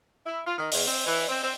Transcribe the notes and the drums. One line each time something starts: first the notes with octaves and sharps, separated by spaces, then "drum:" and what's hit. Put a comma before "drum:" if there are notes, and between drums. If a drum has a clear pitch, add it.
E4
F4
D#3
E2, drum: open hi-hat
C4
E3
C4
C4